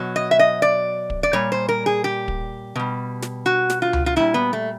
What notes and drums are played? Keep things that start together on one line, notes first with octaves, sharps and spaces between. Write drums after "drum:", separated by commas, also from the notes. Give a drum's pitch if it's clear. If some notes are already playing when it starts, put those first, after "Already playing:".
Already playing: B2 F#3
D#5
E5
D#5
D5
drum: kick
D5
A#2 G3 C#5
C5
A#4
G#4
G4
drum: kick
B2 G3
drum: snare
F#4
drum: snare
F4
drum: tom C#2
F4
A#2 G3 E4
B3
A3